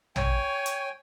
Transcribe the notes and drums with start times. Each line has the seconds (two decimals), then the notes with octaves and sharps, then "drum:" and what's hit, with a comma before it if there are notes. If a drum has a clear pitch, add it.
0.16 C#5 G5 G#5, drum: tom
0.66 drum: hi-hat